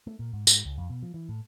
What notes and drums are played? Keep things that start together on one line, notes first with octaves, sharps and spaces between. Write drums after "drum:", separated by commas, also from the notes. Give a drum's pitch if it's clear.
A3
A#2
G#2
G#2, drum: tambourine
C#2
F2
B2
F3
E3
A2